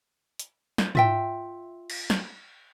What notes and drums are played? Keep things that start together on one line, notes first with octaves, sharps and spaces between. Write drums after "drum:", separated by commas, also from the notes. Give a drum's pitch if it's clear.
drum: hi-hat
drum: snare
F4 E5 G5, drum: tom G#2
drum: cymbal
drum: snare